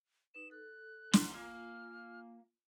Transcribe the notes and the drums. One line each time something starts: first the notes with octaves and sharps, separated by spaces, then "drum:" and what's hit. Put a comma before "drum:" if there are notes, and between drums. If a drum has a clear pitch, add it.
D#4 B4 E7
A4 F#6
G#2 C6, drum: snare
A#3 F4 G#5 F6